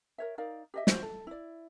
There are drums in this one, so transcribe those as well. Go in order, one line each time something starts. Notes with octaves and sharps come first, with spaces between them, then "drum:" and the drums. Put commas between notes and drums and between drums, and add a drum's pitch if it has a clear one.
A#4 C#5 E5
D#4 A#4 D5 F5
G4 D#5 E5
F#4 C5, drum: snare
A4
E4 D5